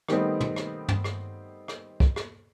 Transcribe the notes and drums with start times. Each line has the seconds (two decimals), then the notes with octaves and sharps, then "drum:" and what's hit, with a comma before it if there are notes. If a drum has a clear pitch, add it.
0.08 D#3 G3 A3 B3 C4 D#4, drum: rim click
0.40 drum: tom
0.56 drum: rim click
0.88 drum: tom
1.04 drum: rim click
1.68 drum: rim click
2.00 drum: kick
2.16 drum: rim click